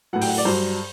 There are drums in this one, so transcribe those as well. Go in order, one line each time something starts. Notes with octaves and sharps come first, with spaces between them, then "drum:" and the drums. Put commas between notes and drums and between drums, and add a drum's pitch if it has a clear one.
A2 F#3 F#5
G5, drum: open hi-hat
F#5
D5
G2 F#3 C5